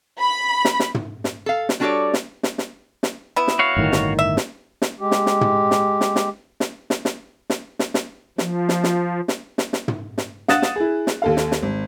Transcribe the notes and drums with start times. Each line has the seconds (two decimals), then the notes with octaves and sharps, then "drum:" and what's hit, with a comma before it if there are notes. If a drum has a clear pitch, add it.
0.20 B5
0.65 drum: snare
0.80 drum: snare
0.94 drum: tom
1.24 drum: snare
1.46 A4 F5
1.69 drum: snare
1.80 G3 D4 F#4 A4 C#5 D5
2.14 drum: snare
2.43 drum: snare
2.58 drum: snare
3.03 drum: snare
3.36 B3 E4
3.48 drum: snare
3.59 F#4 C#5 F5
3.77 G1 A2 D#3
3.92 drum: snare
4.19 E5
4.37 drum: snare
4.82 drum: snare
5.00 G#3 G4
5.11 drum: snare
5.26 drum: snare
5.41 drum: tom
5.71 drum: snare
6.01 drum: snare
6.16 drum: snare
6.60 drum: snare
6.90 drum: snare
7.05 drum: snare
7.50 drum: snare
7.79 drum: snare
7.94 drum: snare
8.38 F3, drum: snare
8.69 drum: snare
8.84 drum: snare
9.28 drum: snare
9.58 drum: snare
9.73 drum: snare
9.88 drum: tom
10.18 drum: snare
10.48 F5 F#5 D#6 F#6 A6 E7, drum: snare
10.62 drum: snare
10.76 E4 G#4
11.07 drum: snare
11.22 D#2 A4 F5
11.37 drum: snare
11.52 drum: snare
11.62 G#1